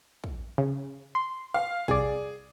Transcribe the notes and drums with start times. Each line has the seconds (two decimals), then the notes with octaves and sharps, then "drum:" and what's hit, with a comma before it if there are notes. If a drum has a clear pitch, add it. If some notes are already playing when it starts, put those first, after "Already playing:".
0.24 drum: kick
0.58 C#3
1.15 C6
1.54 F5
1.88 C2 G#4 D5, drum: kick